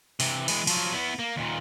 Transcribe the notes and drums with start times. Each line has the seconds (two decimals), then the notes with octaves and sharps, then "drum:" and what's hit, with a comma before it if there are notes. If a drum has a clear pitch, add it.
0.20 C3 E3, drum: open hi-hat
0.48 E3 G#3, drum: cymbal
0.67 F3 F#3, drum: cymbal
0.94 B3 E4
1.19 A#3
1.36 D#2 A#2